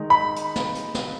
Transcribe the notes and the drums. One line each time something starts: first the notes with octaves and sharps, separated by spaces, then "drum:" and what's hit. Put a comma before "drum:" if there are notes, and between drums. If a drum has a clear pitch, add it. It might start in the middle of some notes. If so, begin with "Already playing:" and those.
Already playing: D#3 G#3 D#4
B5
drum: hi-hat
drum: snare
drum: hi-hat
drum: snare